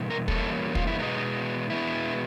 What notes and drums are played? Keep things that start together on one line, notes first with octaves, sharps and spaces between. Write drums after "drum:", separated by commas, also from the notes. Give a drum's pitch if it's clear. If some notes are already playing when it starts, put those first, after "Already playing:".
Already playing: E2 B2 G3
A#4
E2 B2 G3 A#3 C#4 A4, drum: kick
F4, drum: kick
E4
B2 G#3 B3 D#4
B2 G#3 B3 E4